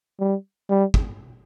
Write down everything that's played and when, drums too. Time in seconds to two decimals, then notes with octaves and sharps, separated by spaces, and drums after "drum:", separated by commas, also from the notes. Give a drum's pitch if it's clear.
0.20 G3
0.70 G3
0.94 drum: kick